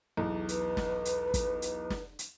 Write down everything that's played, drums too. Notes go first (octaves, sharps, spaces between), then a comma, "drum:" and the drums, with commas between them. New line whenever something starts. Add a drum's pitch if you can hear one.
B1 E2
B4, drum: hi-hat
drum: snare
drum: hi-hat
drum: kick, hi-hat
drum: hi-hat
drum: snare
drum: hi-hat